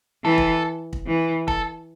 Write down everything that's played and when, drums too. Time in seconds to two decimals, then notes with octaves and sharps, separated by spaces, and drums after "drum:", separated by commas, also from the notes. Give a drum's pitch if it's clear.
0.24 E3 A4
0.38 drum: kick
0.93 drum: kick
1.06 E3
1.48 A4, drum: kick